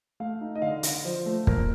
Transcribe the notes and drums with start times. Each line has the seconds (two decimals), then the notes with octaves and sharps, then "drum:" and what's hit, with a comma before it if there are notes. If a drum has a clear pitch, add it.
0.20 A3 F5
0.41 D#4
0.56 D#5
0.62 D3 F5
0.83 D3, drum: hi-hat
1.05 F3 C5
1.26 A3
1.47 A#2 A#4, drum: kick